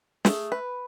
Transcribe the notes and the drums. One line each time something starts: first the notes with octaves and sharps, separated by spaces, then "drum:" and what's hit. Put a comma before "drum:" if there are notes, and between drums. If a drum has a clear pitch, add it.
A3 G#4, drum: snare
B4